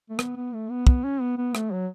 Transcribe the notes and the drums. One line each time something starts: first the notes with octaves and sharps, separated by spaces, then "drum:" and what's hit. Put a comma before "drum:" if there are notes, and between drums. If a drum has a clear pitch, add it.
A3
B3, drum: rim click
B3
A3
B3
B3, drum: kick
C#4
B3
B3
A3, drum: rim click
F#3